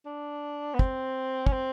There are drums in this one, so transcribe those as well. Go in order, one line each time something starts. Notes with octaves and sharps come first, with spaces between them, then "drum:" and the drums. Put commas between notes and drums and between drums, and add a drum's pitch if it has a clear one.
D4
B3
C4, drum: kick
C#4, drum: kick
C4